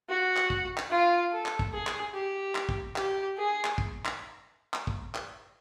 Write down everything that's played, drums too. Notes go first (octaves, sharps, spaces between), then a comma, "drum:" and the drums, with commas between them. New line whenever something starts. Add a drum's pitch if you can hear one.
F#4
drum: clap
drum: kick
drum: clap
F4
A4
drum: clap
drum: kick
G#4
drum: clap
G4
drum: clap
drum: kick
G4, drum: clap
G#4
drum: clap
drum: kick
drum: clap
drum: clap
drum: kick
drum: clap